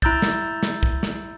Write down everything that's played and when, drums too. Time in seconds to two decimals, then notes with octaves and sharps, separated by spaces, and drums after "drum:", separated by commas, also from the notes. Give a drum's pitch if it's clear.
0.02 E4 A#5 E6 G6 A6, drum: kick
0.22 drum: snare
0.63 drum: snare
0.83 drum: kick
1.03 drum: snare